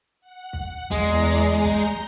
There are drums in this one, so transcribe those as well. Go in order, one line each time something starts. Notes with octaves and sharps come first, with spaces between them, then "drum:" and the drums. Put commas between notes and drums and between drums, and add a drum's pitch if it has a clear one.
F#5
drum: kick
E2 G#3 D5 A#5, drum: kick
A#5 G6
drum: kick